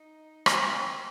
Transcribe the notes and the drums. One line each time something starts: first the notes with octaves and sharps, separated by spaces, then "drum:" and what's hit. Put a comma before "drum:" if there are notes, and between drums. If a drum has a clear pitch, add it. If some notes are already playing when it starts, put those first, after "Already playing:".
Already playing: D#4
C4, drum: rim click